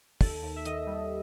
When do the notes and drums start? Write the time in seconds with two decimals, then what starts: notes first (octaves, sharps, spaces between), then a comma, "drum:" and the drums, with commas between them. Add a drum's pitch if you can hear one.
0.21 D#2 A4, drum: kick, open hi-hat
0.42 D#2
0.56 E5
0.65 D#3 D#5, drum: hi-hat
0.87 G3